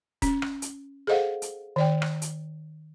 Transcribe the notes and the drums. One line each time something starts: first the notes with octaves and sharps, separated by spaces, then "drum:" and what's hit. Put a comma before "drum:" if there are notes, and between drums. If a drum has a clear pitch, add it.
C#4, drum: kick D#1, hi-hat
drum: rim click
drum: hi-hat
G#4 A4 C5 D#5 F5 F#5
drum: hi-hat
D#3 D5 G5
drum: rim click
drum: hi-hat